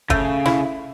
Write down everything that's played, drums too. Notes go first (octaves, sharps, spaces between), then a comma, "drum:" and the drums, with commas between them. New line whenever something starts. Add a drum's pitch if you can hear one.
C#3 A3, drum: kick
E4, drum: snare